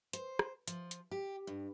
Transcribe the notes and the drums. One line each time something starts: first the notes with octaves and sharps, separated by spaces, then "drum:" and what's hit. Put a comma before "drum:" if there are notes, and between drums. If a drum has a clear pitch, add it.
C5, drum: hi-hat
drum: rim click
F3, drum: hi-hat
drum: hi-hat
G4
G2